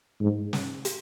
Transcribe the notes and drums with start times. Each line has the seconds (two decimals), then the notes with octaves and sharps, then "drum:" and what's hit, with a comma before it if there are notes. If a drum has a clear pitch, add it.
0.20 G#2
0.53 drum: snare
0.85 drum: hi-hat